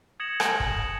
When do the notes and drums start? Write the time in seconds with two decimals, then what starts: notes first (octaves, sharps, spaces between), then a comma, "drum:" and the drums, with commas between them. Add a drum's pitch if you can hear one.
0.20 D#6 G#6 A#6 C#7 E7 F#7
0.40 drum: rim click
0.60 drum: kick